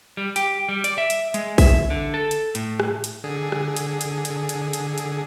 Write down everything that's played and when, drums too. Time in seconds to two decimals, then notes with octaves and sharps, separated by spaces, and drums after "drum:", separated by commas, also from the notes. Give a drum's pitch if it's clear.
0.17 G3
0.36 G4, drum: hi-hat
0.69 G3
0.84 D5, drum: hi-hat
0.98 E5
1.10 drum: hi-hat
1.34 G#3, drum: hi-hat
1.58 E5, drum: kick, open hi-hat
1.90 D3
2.14 A4
2.31 drum: hi-hat
2.55 A2, drum: hi-hat
2.80 drum: rim click
3.04 drum: hi-hat
3.24 D3 G#4
3.52 drum: rim click
3.76 drum: hi-hat
4.01 drum: hi-hat
4.25 drum: hi-hat
4.49 drum: hi-hat
4.73 drum: hi-hat
4.98 drum: hi-hat